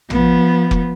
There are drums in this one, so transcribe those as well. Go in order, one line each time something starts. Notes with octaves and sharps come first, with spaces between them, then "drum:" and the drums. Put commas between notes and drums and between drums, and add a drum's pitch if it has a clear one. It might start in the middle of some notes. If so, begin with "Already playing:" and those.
F3 B3, drum: tom
drum: kick F1